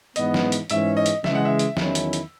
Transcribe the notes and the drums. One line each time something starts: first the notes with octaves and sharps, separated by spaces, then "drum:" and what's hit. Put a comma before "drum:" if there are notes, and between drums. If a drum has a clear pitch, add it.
G#2 E3 B3 D#5, drum: hi-hat
drum: snare
drum: hi-hat
G#2 E3 G#3 C#4 E5, drum: hi-hat
D#5
drum: hi-hat
C#3 E3 G#3 E5, drum: snare
F#5
E5
drum: hi-hat
E2 D#3 F#3 C#4 E4, drum: snare
drum: hi-hat
drum: hi-hat